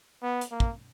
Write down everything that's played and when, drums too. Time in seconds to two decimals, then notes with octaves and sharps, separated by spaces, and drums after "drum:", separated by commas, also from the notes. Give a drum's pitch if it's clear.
0.22 B3
0.41 drum: hi-hat
0.51 A#3
0.60 drum: kick